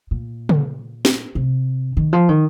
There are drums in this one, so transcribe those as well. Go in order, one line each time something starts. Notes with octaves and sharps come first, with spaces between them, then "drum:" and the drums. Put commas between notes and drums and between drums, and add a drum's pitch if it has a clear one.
A#2
drum: tom C#3
drum: snare
C3
D#3
F3
D#3